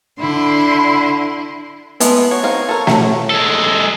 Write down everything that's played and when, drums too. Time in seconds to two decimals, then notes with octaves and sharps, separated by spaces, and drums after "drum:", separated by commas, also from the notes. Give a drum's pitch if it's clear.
0.19 D3 E4 C6
2.00 G#3 A3 B3, drum: hi-hat
2.31 F#4 C#5
2.43 C4 D#4 F5
2.69 A4 A#4
2.87 F#3 A3, drum: snare
3.30 G#3 A4